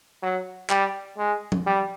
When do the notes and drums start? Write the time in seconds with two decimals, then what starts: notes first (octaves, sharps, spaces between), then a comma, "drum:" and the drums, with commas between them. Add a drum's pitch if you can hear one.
0.23 F#3
0.70 G3, drum: clap
1.18 G#3
1.52 drum: tom F3
1.67 G3